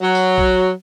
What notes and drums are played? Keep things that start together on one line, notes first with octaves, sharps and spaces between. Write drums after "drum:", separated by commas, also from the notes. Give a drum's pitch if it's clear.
F#3
drum: tambourine
drum: kick